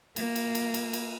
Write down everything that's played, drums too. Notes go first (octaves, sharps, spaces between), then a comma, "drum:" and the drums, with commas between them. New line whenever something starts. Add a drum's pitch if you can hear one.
A#3, drum: cymbal
drum: cymbal
drum: cymbal
drum: cymbal
drum: cymbal